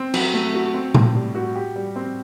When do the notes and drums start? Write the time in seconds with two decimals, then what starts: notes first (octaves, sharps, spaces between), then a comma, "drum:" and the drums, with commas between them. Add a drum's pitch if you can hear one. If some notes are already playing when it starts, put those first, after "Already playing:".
Already playing: C4
0.14 F#3, drum: cymbal
0.34 A3
0.54 F#4
0.74 C4
0.94 A2, drum: tom A#2
1.15 G3
1.35 F#4
1.56 G4
1.76 G3
1.96 C4